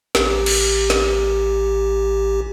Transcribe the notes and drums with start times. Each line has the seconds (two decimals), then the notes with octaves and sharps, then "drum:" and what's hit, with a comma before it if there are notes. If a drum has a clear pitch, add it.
0.15 A1 G4, drum: snare
0.46 drum: cymbal
0.90 drum: snare